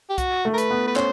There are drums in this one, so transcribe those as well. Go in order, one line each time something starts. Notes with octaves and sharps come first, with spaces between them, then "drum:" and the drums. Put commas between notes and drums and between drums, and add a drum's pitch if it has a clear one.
G4
F#4, drum: kick C2, hi-hat
A3
A#4
B4, drum: hi-hat
B3
B4
C#4 C5, drum: clap